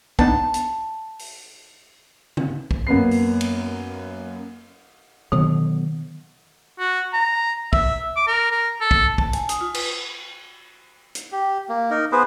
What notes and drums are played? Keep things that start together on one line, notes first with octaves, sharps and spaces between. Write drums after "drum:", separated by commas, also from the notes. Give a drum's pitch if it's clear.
B3 D4 D#4 A5, drum: kick
drum: hi-hat
drum: open hi-hat
drum: tom C#3
drum: kick
F#2 A#3 B3 C7
drum: open hi-hat
drum: cymbal
B2 D3 D#3 F#3
F#4
A#5
E5, drum: kick
D6
A#4
A#4
A4
drum: kick
A5, drum: kick
G#5, drum: hi-hat
D#6, drum: hi-hat
F4
B4, drum: cymbal
drum: hi-hat
G4
A#3
D#4 A#4
B3 G#4 B4 C5